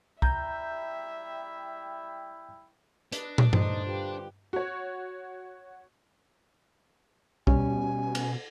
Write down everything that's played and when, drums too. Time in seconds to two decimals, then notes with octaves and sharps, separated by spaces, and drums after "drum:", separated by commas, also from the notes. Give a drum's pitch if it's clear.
0.22 G3 E4 E5 G5 A#5 G6, drum: kick B1
3.12 D4 B4 D#5, drum: hi-hat
3.38 drum: tom
3.53 D3 G3 D#4 C5, drum: tom G2
3.86 F4 G4 B4
4.53 F#4 C#5
7.47 B2 G3 C#4 G#5, drum: kick B1
8.15 drum: cymbal